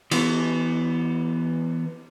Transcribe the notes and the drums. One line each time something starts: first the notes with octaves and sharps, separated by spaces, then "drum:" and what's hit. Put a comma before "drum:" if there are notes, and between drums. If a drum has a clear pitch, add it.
E3 B3, drum: cymbal